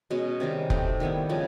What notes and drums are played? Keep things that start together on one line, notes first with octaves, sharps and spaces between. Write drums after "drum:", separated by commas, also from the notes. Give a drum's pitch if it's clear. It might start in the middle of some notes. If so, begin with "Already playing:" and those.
B2 G#3 C#4
C3 D#3 G3 A#3
A3 C4 D#4 G4, drum: kick F1
D#3 G3 B3 E4
C#3 F3 G#3